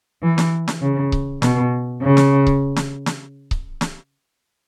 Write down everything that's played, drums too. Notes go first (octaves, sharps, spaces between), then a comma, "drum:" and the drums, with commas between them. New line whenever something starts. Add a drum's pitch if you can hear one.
E3
drum: snare
drum: snare
C#3
drum: kick C#1
B2, drum: snare
C#3
drum: snare
drum: kick C#1
drum: snare
drum: snare
drum: kick C#1
drum: snare